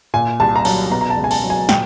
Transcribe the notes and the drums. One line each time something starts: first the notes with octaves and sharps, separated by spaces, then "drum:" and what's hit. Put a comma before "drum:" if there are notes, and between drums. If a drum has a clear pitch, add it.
A#2 G#5
C2 A5
A#5
F#3 A5, drum: cymbal
B2 A#5
A#5
A5
C#2
G#5
A5, drum: cymbal
F#3
G#5
A#2 G5, drum: snare